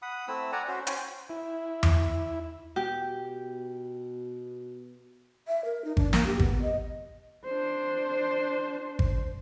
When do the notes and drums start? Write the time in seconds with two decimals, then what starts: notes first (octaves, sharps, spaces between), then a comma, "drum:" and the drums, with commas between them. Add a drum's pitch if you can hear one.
0.02 F#5 B5 D#6
0.28 A3 C4 E4 E6
0.52 D5 F#5 G#5 A#5
0.68 C#4 F#4 C5
0.87 C#4 C5 G5 G#5, drum: hi-hat
1.30 E4
1.83 drum: tom E2
2.76 B2 G4
5.47 E5
5.65 A#4
5.85 D#4
5.97 D4, drum: kick G#1
6.13 A#3, drum: snare
6.26 G4
6.39 B3, drum: kick G#1
6.62 D#5
7.44 D4 C5
8.99 drum: kick G#1